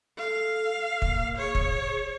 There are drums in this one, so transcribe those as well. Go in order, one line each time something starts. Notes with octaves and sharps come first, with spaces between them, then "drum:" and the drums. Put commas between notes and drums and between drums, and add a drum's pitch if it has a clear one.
A4 F5
A#3, drum: kick
G#4 C#5
drum: kick